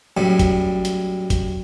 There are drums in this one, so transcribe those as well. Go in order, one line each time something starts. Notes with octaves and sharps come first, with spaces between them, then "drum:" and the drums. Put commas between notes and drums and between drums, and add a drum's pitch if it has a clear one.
F#2 A2 G3
drum: kick, hi-hat
drum: hi-hat
drum: kick, hi-hat